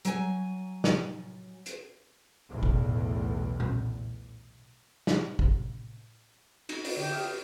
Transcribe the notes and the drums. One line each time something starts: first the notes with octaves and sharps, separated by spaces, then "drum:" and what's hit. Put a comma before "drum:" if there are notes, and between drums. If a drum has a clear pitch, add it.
F#3 G#5, drum: hi-hat
drum: snare
drum: hi-hat
B1 E2 A2
drum: kick
drum: tom A#2
drum: snare
drum: kick
D#4 F#4, drum: cymbal
D#5, drum: open hi-hat
D3 D#4 G4
E5 D#6 F6